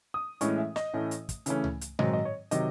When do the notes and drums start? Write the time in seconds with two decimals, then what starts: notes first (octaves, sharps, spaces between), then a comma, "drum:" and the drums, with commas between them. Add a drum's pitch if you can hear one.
0.14 D#6
0.41 A2 E3 G#3 C#4 C#6, drum: hi-hat
0.58 E5
0.76 D#5, drum: snare
0.93 A2 E3 A3 C#4
1.11 drum: hi-hat
1.29 drum: kick, hi-hat
1.46 C#3 E3 A3 C#4, drum: hi-hat
1.64 drum: tom C#2
1.81 drum: hi-hat
1.99 G#2 D#3 F#3 C4 D#5, drum: tom A#2
2.13 D#5
2.25 C#5
2.51 C3 D#3 F#3 D#5, drum: hi-hat